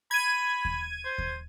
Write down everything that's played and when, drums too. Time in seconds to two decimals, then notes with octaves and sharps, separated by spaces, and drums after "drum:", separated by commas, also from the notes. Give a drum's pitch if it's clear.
0.11 B5 G#6 D#7
0.65 drum: kick D#2
1.05 C5
1.18 drum: kick D#2